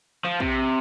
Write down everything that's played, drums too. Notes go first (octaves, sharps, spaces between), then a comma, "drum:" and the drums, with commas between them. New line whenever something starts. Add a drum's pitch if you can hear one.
F3
C3, drum: kick